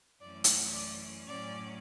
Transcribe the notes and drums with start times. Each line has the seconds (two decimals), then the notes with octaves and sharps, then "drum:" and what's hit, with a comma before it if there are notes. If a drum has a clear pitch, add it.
0.21 F#2 E3 A3 C#4 D5
0.44 drum: hi-hat
0.74 D5
1.26 A2 F#3 C#4 D5